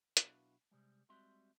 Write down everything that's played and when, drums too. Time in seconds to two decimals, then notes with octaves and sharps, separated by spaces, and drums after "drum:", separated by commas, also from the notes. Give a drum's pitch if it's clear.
0.17 B1 B3 D4 E4 F#4 F5, drum: hi-hat
0.71 C3 G3 G#3
1.09 G3 G#3 C4 F#4 E5 C6